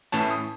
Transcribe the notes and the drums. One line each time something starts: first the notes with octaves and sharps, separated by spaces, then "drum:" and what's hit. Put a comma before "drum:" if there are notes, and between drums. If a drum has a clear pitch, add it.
A2 E3 A3 C#4 A5, drum: hi-hat
D#6